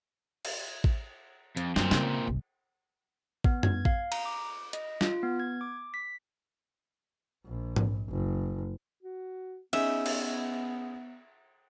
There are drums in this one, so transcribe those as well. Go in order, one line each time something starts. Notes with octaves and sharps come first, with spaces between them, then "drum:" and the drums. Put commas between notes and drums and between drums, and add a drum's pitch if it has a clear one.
drum: cymbal
drum: kick A1
F2, drum: hi-hat
F#2 A#2 C4, drum: snare
C#3, drum: snare
G1 C2
B3, drum: kick A1
G#6, drum: tom F#2
F5, drum: kick A1
A#5, drum: cymbal
D6
D#5, drum: hi-hat
F4, drum: snare
B3
G#6
D6
B6
A#1
drum: tom G#2
F#1
F#4
B3 C#4 D#4 G#4 E5, drum: cymbal
drum: cymbal